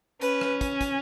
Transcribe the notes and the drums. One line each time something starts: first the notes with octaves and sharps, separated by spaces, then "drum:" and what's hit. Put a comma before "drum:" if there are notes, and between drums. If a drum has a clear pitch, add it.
C#4 B4, drum: hi-hat
drum: rim click
drum: kick, hi-hat
drum: kick, hi-hat